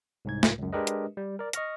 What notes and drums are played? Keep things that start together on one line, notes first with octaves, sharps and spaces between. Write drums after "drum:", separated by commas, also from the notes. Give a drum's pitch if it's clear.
C2 G#2 G#6
drum: snare
C#2 F#2
G#3 D4 G4 A#4 B4 D#5
drum: hi-hat
G3
A#4 D5
D#5 C#6 F6 A#6, drum: hi-hat